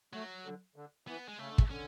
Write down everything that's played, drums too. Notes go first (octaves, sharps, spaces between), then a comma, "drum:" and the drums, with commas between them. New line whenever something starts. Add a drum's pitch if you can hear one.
F#3 A3
D3
D3
E3 B3
G#3
C#3 A3
D3
C#3, drum: kick
D3 C#4